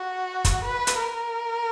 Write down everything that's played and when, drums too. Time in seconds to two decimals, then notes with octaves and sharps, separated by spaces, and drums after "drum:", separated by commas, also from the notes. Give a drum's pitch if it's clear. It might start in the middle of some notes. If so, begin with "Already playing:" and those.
Already playing: F#4
0.45 drum: kick, hi-hat
0.65 B4
0.87 drum: hi-hat
0.98 A#4